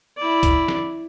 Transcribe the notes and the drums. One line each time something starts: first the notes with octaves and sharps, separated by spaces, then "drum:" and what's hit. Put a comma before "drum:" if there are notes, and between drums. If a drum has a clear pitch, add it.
E4 D5
drum: kick, hi-hat
drum: snare